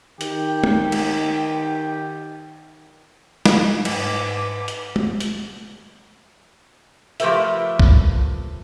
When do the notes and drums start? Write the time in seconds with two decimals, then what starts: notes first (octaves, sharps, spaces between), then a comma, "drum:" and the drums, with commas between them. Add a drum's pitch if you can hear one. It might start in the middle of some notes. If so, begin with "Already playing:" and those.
0.21 D#3 G4, drum: hi-hat
0.64 drum: tom
0.92 drum: cymbal
3.46 drum: snare
3.85 G#2 B4 D6, drum: cymbal
4.68 drum: hi-hat
4.96 drum: tom
5.20 drum: hi-hat
7.20 F3 A3 G4 A#4 B4 E5, drum: hi-hat
7.79 drum: kick A#1